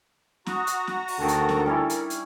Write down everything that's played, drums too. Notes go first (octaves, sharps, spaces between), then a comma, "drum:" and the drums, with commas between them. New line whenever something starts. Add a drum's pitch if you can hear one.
F#4 A#5 C#6 D#6 F#6, drum: snare C#4
drum: hi-hat
drum: snare C#4
drum: open hi-hat
D2 D3 D#3 A4 A#4
drum: hi-hat
drum: snare C#4
G3 C#4 E4
drum: hi-hat
drum: hi-hat